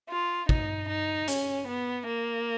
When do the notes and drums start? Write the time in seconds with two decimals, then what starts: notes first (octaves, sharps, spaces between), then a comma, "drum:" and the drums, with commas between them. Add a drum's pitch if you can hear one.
0.10 F4
0.49 D#4, drum: kick
0.89 D#4
1.28 C#4, drum: hi-hat
1.68 B3
2.07 A#3